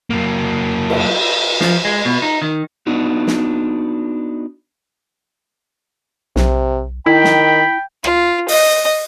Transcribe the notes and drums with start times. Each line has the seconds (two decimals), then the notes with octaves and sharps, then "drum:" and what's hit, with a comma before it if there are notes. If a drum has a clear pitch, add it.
0.10 F#3 A#3
0.90 drum: cymbal
1.61 F3, drum: snare
1.85 G#3
2.05 B2
2.22 D#4
2.42 D#3
2.87 B3 D4 D#4 F#4
3.27 drum: snare
6.36 B1 C3, drum: snare
7.06 D#3 E4 G5 B5
7.24 drum: snare
8.04 F4, drum: rim click
8.48 D#5, drum: open hi-hat